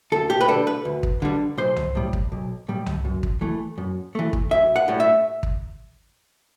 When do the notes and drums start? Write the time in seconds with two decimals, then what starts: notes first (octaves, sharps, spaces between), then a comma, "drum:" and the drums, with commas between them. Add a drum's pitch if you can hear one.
0.12 D2 A4
0.30 G4
0.41 B4
0.48 D3 G3 A4
0.67 B4
0.85 D2
1.03 drum: kick
1.22 D3 G3
1.58 B1 C5
1.76 drum: tom C2
1.95 A2 G3
2.13 drum: kick
2.32 B1
2.68 A2 G3
2.86 drum: tom C2
3.05 F#2
3.23 drum: kick
3.41 E3 A3
3.78 F#2
4.15 E3 A3
4.33 drum: kick
4.51 B1 E5
4.76 F#5
4.88 A2 G3
5.00 E5
5.43 drum: kick